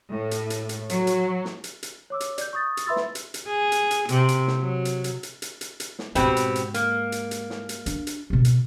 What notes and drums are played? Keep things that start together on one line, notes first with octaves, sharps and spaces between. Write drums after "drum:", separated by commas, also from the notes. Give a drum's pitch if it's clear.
A2
drum: hi-hat
drum: hi-hat
drum: hi-hat
F#3, drum: hi-hat
drum: hi-hat
drum: snare
drum: hi-hat
drum: hi-hat
C#5 D6 E6
drum: hi-hat
D5 G6, drum: hi-hat
C#6 D#6 A6
drum: hi-hat
B4 E5 B5 C6 E6 A6
drum: snare
drum: hi-hat
drum: hi-hat
G#4
drum: hi-hat
drum: hi-hat
C3, drum: hi-hat
drum: hi-hat
drum: snare
F#3
drum: hi-hat
drum: hi-hat
drum: hi-hat
drum: hi-hat
drum: hi-hat
drum: hi-hat
drum: snare
G#2 B2 G#3 C4 G4, drum: hi-hat
drum: hi-hat
drum: hi-hat
A#3, drum: hi-hat
drum: hi-hat
drum: hi-hat
drum: snare
drum: hi-hat
D4, drum: hi-hat
drum: hi-hat
B2 C4
drum: hi-hat